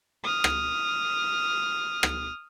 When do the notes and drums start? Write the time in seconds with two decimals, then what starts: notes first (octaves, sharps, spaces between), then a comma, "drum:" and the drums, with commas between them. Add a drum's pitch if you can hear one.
0.24 D#6 F6
0.44 drum: rim click
2.03 drum: rim click